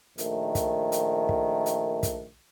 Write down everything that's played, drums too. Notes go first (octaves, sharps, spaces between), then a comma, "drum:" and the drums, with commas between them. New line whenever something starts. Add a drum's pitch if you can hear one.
A#1 D#3 A3, drum: hi-hat
drum: kick, hi-hat
drum: hi-hat
drum: kick
drum: hi-hat
drum: kick, hi-hat